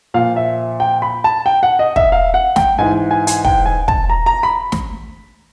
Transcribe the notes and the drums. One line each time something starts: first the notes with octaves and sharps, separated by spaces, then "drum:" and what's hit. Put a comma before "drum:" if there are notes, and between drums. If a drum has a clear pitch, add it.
A#2 F3 F5
E5
G5
B5
A5
G5
F#5
D#5
E5, drum: kick
F5
F#5
G5, drum: snare
G#2 E3 G#5
G#5
G#5, drum: hi-hat
G5, drum: kick
G#5
A5, drum: kick
A#5
A#5
B5
drum: snare